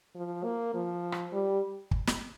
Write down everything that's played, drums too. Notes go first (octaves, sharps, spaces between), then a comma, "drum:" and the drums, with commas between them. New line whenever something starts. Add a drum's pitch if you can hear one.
F3
A#3
F3
drum: rim click
G3
drum: kick
drum: snare